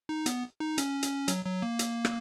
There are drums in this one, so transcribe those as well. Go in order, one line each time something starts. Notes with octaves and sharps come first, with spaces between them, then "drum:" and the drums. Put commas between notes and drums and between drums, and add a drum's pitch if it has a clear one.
D#4
B3, drum: hi-hat
D#4
C#4, drum: hi-hat
drum: hi-hat
F#3, drum: hi-hat
F#3
A#3
drum: hi-hat
drum: rim click